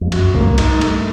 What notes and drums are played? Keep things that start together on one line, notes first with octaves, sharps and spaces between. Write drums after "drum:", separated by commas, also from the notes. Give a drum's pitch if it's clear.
F2
F#2 F#4, drum: cymbal
A#3, drum: kick
G#2
G2
D#4, drum: cymbal
G#2
G2 A3, drum: cymbal